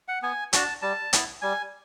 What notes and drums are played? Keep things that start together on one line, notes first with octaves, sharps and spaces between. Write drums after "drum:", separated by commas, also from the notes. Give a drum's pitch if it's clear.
F#5
B3 G#5
D4 F#4 A5, drum: hi-hat
G3 A5
B3 E4, drum: hi-hat
G3 G#5